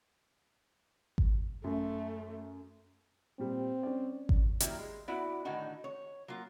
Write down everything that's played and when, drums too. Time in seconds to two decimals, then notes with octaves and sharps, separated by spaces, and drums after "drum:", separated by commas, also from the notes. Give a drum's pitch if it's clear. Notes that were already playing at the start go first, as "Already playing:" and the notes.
1.18 drum: kick G#1
1.64 F#2 A3
3.39 A#2 G3 C4
3.83 C#4 D5
4.29 drum: kick G#1
4.60 D#3 F#3 G3 A#3 E4 A#4, drum: hi-hat
4.79 G#3
5.08 B3 E4 F#4 D5
5.45 A2 D3 D#3 D#4 F#4
5.84 C#5
6.28 F#3 A#3 F4